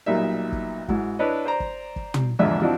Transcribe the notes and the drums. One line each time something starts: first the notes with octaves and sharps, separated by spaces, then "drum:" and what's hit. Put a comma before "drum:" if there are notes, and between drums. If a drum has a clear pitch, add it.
B1 A#2 G3 D#4 A#4 E5
drum: kick
G#2 E4 F#4, drum: kick
D4 E4 B4 C#5 D#5
C5 D5 A#5
drum: kick
drum: kick
drum: tom
A#1 E2 G#2 D3 D#5 E5
F3 C4 D4 E4 F#4 D#5